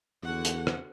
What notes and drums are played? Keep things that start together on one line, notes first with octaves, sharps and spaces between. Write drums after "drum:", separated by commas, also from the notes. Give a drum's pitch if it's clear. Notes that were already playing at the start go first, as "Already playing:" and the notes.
E2 D3 F#4 F#5
drum: hi-hat
drum: rim click